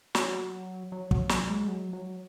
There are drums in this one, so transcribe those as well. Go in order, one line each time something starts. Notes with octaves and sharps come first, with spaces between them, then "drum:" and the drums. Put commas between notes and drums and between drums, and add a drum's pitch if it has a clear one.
F#3, drum: snare
F#3
F#3, drum: kick
F#3, drum: snare
G#3
F#3
F#3